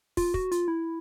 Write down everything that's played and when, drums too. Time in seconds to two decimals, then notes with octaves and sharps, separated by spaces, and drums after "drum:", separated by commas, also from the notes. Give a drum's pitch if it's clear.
0.17 F4, drum: kick, open hi-hat
0.34 F#4, drum: kick
0.52 F4, drum: hi-hat
0.68 E4